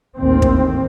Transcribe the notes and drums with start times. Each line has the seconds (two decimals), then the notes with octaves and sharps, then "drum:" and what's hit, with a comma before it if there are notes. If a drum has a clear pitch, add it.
0.17 A1 D#2 C4
0.42 drum: kick